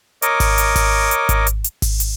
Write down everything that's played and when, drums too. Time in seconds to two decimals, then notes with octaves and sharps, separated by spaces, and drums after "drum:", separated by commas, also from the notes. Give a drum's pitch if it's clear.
0.22 A#4 C#5 D#5 D6, drum: hi-hat
0.40 drum: kick G#1, open hi-hat
0.58 drum: hi-hat
0.76 drum: kick G#1, open hi-hat
1.11 drum: hi-hat
1.29 drum: kick G#1, hi-hat
1.47 drum: hi-hat
1.64 drum: hi-hat
1.82 drum: kick G#1, open hi-hat
2.00 drum: hi-hat